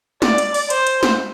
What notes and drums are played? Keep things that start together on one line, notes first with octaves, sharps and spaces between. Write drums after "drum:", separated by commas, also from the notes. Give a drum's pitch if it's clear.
D5, drum: snare G#3
drum: hi-hat
drum: open hi-hat
C5, drum: hi-hat
drum: hi-hat
drum: snare G#3